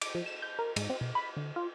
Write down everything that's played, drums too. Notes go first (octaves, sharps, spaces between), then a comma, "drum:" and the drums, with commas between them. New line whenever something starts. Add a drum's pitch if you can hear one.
D6, drum: cymbal
F3
E7
G6
A#4
G#2, drum: cymbal
C4
B2
B5
D3
F4